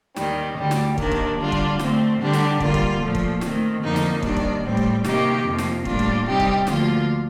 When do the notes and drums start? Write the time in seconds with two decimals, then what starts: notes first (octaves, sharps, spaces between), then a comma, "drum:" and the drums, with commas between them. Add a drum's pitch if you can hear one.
0.16 D#2 D#3 G3, drum: snare
0.57 D2 D3 G3
0.71 drum: snare
0.98 D#2 D#3 A#3 D4, drum: kick
1.12 drum: kick
1.39 D3 G3 D4 F4
1.52 drum: kick
1.79 D3 A3 C4, drum: snare
2.20 D3 G3 D4 G4
2.33 drum: snare
2.60 D3 G3 A#3 F4, drum: kick
2.74 drum: kick
3.01 A#2 F3 A3
3.15 drum: kick
3.41 D#3 A3 C4, drum: snare
3.83 F2 D3 F3 A#3 D#4
3.96 drum: snare
4.23 D#2 D#3 G3 D4, drum: kick
4.37 drum: kick
4.63 A2 G3 C4
4.77 drum: kick
5.04 C3 D#3 A#3 D#4 G4, drum: snare
5.45 F2 C3 F3 A#3
5.58 drum: snare
5.85 A2 G3 A#3 D4 F4, drum: kick
5.99 drum: kick
6.26 C3 G3 C4 D#4 G4
6.40 drum: kick
6.67 D2 D3 F3 A#3 F4, drum: snare